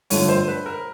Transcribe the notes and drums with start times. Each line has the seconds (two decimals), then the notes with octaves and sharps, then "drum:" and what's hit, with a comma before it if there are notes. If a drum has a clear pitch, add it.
0.10 G2 D3 F3 A3 C#5, drum: open hi-hat
0.29 C5
0.48 B4
0.66 A#4